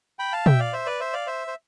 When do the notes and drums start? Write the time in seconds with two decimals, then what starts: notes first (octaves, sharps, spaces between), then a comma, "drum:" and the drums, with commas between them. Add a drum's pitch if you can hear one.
0.19 G5 B5
0.33 F5 A5
0.46 E5 G5, drum: tom
0.60 D5 F5
0.73 C5 E5
0.86 B4 D5
1.00 C5 E5
1.13 D5 F5
1.27 C5 E5
1.47 C5